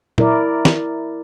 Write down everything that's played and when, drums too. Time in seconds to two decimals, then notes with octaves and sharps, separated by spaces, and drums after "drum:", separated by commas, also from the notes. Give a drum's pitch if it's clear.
0.18 E4 A#4 D5, drum: tom A#2
0.65 drum: snare